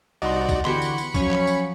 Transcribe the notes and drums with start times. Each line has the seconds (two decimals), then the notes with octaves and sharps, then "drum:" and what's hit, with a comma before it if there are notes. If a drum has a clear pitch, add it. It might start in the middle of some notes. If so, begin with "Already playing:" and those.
0.22 C2 D#4 F#4 D5 D#5 F#5 C6
0.49 drum: kick C2, tambourine
0.65 D3 E3 B3 F#4 G4 B5 C6 C#7, drum: clap
0.82 drum: tambourine
0.98 drum: tambourine
1.14 F3 F#3 C#4 C#5 C#6, drum: kick C2, tambourine
1.31 drum: clap
1.47 drum: tambourine